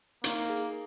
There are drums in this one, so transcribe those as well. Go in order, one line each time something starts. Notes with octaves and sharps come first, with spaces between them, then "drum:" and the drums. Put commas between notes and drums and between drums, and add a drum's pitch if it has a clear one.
A#3 D#4, drum: hi-hat
G#4